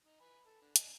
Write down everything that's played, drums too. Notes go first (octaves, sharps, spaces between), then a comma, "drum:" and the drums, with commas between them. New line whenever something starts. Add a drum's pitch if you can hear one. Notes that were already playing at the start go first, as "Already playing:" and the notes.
D#4
B4 G#5 B5
A4
D3
D4 D#5 G#5, drum: hi-hat